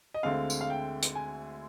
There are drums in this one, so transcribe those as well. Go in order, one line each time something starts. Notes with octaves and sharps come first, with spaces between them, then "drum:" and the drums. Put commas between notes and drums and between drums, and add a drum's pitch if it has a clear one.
D#5
D2 D3 G#3 C4 F5
drum: tambourine
F5
G5
drum: hi-hat
G#5